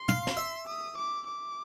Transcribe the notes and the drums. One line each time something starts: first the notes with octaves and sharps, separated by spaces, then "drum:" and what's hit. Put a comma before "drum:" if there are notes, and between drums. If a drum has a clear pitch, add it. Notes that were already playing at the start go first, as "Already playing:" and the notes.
Already playing: C6
F5, drum: tom
drum: snare
E5
D#6
D6
D6